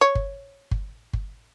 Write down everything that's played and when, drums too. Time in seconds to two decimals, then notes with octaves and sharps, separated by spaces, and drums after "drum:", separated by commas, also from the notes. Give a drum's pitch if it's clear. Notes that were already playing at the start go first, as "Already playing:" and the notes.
0.01 C#5
0.15 drum: kick G1
0.71 drum: kick G1
1.13 drum: kick G1